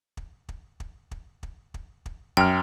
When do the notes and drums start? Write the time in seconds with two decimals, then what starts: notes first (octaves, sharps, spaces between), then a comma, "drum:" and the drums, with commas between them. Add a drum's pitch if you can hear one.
0.17 drum: kick
0.49 drum: kick
0.80 drum: kick
1.11 drum: kick
1.43 drum: kick
1.74 drum: kick
2.06 drum: kick
2.37 F#2 G5 F6, drum: kick